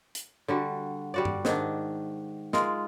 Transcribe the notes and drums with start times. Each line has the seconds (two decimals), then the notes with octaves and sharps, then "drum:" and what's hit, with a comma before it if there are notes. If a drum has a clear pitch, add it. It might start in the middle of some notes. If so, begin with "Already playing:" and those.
0.15 drum: hi-hat
0.48 D3 G3 F#4
1.14 G3 F#4 D5
1.25 drum: tom G2
1.45 G#2 D#3 D4, drum: snare
2.53 G#3 F4 A#4, drum: snare